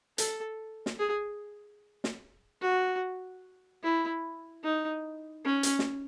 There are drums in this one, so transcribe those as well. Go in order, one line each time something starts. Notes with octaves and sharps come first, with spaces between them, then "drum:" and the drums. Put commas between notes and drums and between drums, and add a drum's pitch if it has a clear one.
A4, drum: hi-hat
drum: snare
G#4
drum: snare
F#4
E4
D#4
C#4
drum: hi-hat
drum: snare